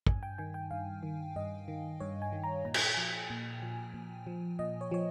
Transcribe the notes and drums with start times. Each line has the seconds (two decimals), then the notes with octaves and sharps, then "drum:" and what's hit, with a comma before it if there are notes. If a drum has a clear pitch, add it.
0.07 G2 G#5, drum: kick
0.23 G5
0.38 D#3 G#5
0.54 G5
0.71 G2 F5
1.03 D#3
1.36 G2 D#5
1.68 D#3
2.00 G2 C#5
2.22 G#5
2.32 D#3
2.44 A#5
2.65 A#2 A#5
2.74 G#5, drum: cymbal
2.84 G5
2.94 F3 G#5
3.30 A#2
3.62 F3
3.94 A#2
4.27 F3
4.59 A#2 D#5
4.81 C#5
4.91 F3 C#5